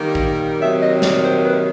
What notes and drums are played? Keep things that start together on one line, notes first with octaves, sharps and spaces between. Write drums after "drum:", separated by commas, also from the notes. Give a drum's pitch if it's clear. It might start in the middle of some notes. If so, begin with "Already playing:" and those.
Already playing: D#3 G3 A#3
drum: kick
C3 D#3 F#3 A#3 E5
D#5
D5, drum: snare
C5
B4